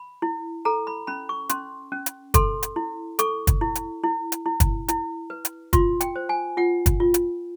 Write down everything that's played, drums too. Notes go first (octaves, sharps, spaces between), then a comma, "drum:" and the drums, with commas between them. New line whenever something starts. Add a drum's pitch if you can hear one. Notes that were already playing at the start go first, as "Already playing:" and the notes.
Already playing: B5
E4
A4 A#5
B5
C#4 B5
C#6
C#4 C6, drum: hi-hat
C#4
drum: hi-hat
A4 C6, drum: kick, hi-hat
drum: hi-hat
E4
A4 C#6, drum: hi-hat
drum: kick, hi-hat
E4
drum: hi-hat
E4
drum: hi-hat
E4
drum: kick, hi-hat
E4, drum: hi-hat
B4
drum: hi-hat
F4 C6, drum: kick, hi-hat
G5, drum: hi-hat
C5
G#5
F4 F#5
drum: kick, hi-hat
F4
drum: hi-hat